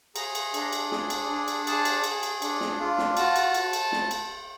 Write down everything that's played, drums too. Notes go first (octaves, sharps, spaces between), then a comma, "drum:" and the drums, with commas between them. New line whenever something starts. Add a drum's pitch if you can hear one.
G#4 A#5, drum: cymbal
drum: cymbal
D4, drum: cymbal
drum: cymbal
G#4, drum: snare
drum: cymbal
D4
drum: cymbal
G#4 A5, drum: cymbal
drum: cymbal
G#4, drum: cymbal
drum: cymbal
D4, drum: cymbal
drum: snare
F4
drum: snare
F#4 A5, drum: cymbal
drum: cymbal
drum: cymbal
drum: cymbal
drum: snare
drum: cymbal